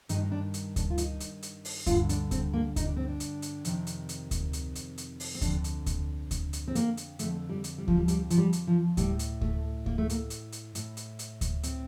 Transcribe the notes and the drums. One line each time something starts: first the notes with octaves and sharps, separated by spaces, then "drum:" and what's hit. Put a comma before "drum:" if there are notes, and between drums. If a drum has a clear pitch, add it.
G2 D#3 D#4, drum: hi-hat
D#4
D4
drum: hi-hat
D4, drum: kick D2, hi-hat
F4
D#4, drum: hi-hat
drum: hi-hat
drum: hi-hat
drum: open hi-hat
G2 D3 F4, drum: kick D2, hi-hat
D4, drum: hi-hat
C4, drum: kick D2, hi-hat
A#3
D#4, drum: kick D2, hi-hat
D4
C4
D4
drum: hi-hat
drum: hi-hat
F2 C3 D#3, drum: hi-hat
drum: hi-hat
drum: hi-hat
drum: kick D2, hi-hat
drum: hi-hat
drum: hi-hat
drum: hi-hat
drum: open hi-hat
C4
F2 D3 D4, drum: kick D2, hi-hat
drum: hi-hat
drum: kick D2, hi-hat
drum: kick D2, hi-hat
drum: hi-hat
C4
A#3, drum: hi-hat
drum: hi-hat
F2 D3 A3, drum: hi-hat
G3
drum: hi-hat
G3
F3, drum: kick D2
G3
G3, drum: hi-hat
F3, drum: hi-hat
G3
drum: hi-hat
F3
A2 G3, drum: kick D2, hi-hat
drum: hi-hat
A3, drum: kick D2
A#3, drum: kick D2
A3
A#3, drum: hi-hat
drum: hi-hat
drum: hi-hat
A2, drum: hi-hat
drum: hi-hat
drum: hi-hat
drum: kick D2, hi-hat
C4, drum: hi-hat